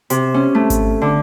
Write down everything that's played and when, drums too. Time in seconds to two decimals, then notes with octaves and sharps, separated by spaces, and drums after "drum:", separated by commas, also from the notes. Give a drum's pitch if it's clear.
0.10 C3, drum: hi-hat
0.34 C#4
0.55 A3
0.70 drum: kick G#1, hi-hat
1.02 D3